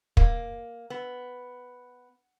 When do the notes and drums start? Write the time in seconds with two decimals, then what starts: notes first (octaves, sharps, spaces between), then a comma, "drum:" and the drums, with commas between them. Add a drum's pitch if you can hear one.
0.17 A#3, drum: kick
0.90 B3